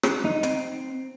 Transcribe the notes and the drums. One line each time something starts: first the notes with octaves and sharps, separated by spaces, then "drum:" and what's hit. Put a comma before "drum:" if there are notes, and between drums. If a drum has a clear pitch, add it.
drum: rim click
D#4
C4, drum: hi-hat